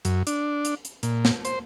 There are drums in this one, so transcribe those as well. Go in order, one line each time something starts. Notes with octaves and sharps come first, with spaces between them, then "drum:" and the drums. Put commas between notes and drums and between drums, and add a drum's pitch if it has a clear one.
F#2, drum: hi-hat
D4, drum: hi-hat
drum: hi-hat
drum: hi-hat
A#2, drum: hi-hat
drum: snare
C5, drum: hi-hat